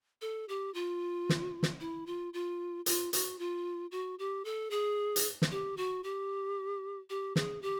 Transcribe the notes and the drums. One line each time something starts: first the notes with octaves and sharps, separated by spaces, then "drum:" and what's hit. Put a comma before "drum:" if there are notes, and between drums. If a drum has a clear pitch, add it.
A4
G4
F4
drum: snare
drum: snare
E4
F4
F4
F4, drum: hi-hat
F#4, drum: hi-hat
F4
F#4
G4
A4
G#4
drum: hi-hat
drum: snare
G4
F#4
G4
G4
G#4, drum: snare
G4